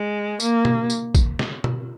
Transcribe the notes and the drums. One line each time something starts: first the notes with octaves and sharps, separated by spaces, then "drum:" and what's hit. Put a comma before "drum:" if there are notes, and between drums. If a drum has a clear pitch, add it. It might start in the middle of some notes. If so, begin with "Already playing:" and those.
Already playing: G#3
A#3, drum: tambourine
drum: tom B2
drum: tambourine
drum: kick, tambourine
drum: snare
drum: tom B2